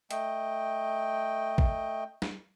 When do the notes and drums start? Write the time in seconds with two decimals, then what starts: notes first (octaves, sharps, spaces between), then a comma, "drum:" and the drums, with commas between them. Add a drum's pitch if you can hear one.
0.11 A3 D#5 G5, drum: hi-hat
1.58 drum: kick A1
2.22 drum: snare